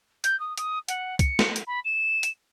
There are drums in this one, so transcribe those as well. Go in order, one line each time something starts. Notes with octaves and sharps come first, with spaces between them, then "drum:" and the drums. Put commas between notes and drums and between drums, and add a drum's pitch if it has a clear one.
G6, drum: hi-hat
D#6
D#6, drum: hi-hat
F#5, drum: hi-hat
C#7, drum: kick, hi-hat
drum: snare
drum: hi-hat
B5
E7
drum: hi-hat